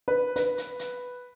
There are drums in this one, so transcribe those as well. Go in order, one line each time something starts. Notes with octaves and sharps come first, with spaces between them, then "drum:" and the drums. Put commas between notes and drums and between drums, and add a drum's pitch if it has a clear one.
B4
B4, drum: hi-hat
drum: hi-hat
drum: hi-hat